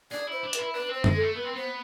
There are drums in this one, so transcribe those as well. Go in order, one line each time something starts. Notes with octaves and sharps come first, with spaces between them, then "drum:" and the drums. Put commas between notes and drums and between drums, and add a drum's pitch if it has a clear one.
G#4 D5
E4
C5
D4
B4, drum: hi-hat
E4
D4 B4
C4
C5
G#3, drum: tom F#2
A4
A3
B3 B4
C4
B3 C5